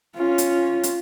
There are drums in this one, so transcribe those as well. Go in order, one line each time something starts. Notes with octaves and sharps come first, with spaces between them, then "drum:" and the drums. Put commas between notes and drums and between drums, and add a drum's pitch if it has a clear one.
C#4 F4
drum: hi-hat
drum: hi-hat